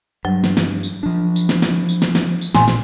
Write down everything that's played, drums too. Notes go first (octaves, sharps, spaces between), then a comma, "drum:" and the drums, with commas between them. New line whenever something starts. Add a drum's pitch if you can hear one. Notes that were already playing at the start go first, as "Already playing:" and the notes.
G2 F#3
drum: snare
drum: snare
drum: tambourine
F3 D4
drum: tambourine
drum: snare
drum: snare
drum: tambourine
drum: snare
drum: snare
drum: tambourine
A1 A#2 G#5 C6, drum: snare
drum: snare